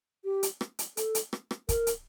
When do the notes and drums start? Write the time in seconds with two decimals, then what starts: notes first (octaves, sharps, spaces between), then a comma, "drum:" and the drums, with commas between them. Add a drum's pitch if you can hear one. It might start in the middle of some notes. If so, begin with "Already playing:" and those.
0.25 G4
0.43 drum: hi-hat
0.61 drum: rim click
0.79 drum: hi-hat
0.97 A4, drum: hi-hat
1.15 drum: hi-hat
1.33 drum: rim click
1.51 drum: rim click
1.69 A#4, drum: kick, hi-hat
1.87 drum: hi-hat